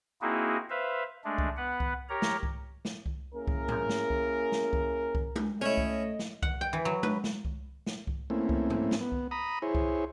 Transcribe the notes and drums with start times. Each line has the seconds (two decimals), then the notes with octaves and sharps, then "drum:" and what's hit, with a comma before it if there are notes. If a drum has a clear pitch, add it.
0.22 A#3 C4 D#4 E4 F#4 G#4
0.70 B4 C5 E5 F5
1.24 G#3 A3 D4
1.38 drum: kick C2
1.57 B3 B4 F#5
1.80 drum: kick C2
2.09 G4 A#4 C#5 A#5
2.22 drum: snare
2.43 drum: kick C2
2.85 drum: snare
3.06 drum: kick C2
3.35 A#3 C#4 E4 G#4 A#4
3.47 drum: kick C2
3.68 drum: tom
3.89 drum: snare
4.10 drum: kick C2
4.52 drum: snare
4.73 drum: kick C2
5.15 drum: kick C2
5.36 drum: tom G#3
5.61 A3 C#4 E4 C#5 D#5
5.77 drum: kick C2
6.19 drum: snare
6.42 F#5, drum: kick C2
6.61 G5
6.73 E3
6.85 F#3
7.03 B4, drum: tom G#3
7.24 drum: snare
7.45 drum: kick C2
7.86 drum: snare
8.07 drum: kick C2
8.30 A3 A#3 C4 C#4 E4
8.49 drum: kick C2
8.70 drum: tom
8.91 drum: snare
9.01 B3
9.12 drum: kick C2
9.31 A#5 B5 D#6
9.62 E4 G#4 C5 C#5
9.75 drum: kick C2